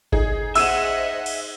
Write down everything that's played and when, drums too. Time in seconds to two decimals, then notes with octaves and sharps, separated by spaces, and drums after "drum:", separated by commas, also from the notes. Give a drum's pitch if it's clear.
0.12 D#4 G#4, drum: kick G#1
0.55 C5 D#5 E5 F#5 E6 D#7 E7, drum: cymbal
1.26 drum: cymbal